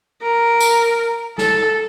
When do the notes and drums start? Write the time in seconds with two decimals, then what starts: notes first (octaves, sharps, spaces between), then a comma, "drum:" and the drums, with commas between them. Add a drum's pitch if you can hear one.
0.22 A#4
0.60 drum: tambourine
1.38 A4, drum: snare